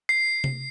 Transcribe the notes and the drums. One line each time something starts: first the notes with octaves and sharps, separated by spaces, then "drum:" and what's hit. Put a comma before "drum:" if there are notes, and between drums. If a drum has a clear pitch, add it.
C7
drum: tom C3